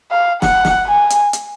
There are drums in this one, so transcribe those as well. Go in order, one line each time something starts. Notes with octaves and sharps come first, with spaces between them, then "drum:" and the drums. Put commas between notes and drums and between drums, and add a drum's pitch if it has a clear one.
F5
F#5, drum: snare
drum: snare
G#5
drum: hi-hat
drum: hi-hat